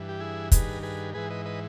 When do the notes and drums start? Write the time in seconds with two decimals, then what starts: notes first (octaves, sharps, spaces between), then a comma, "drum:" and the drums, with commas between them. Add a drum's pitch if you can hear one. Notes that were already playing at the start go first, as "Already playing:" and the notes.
Already playing: G2 E3
0.09 G4
0.20 E4 G#4
0.52 G2 D#3 G#4 B4, drum: kick, hi-hat
0.83 G#4 B4
1.14 G#2 E3 G#4 B4
1.30 B4 D#5
1.46 B4 D#5